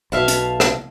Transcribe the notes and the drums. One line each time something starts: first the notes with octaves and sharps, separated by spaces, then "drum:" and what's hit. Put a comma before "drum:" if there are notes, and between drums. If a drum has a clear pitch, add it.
B1 B2 E5 F5 A5
drum: hi-hat
drum: rim click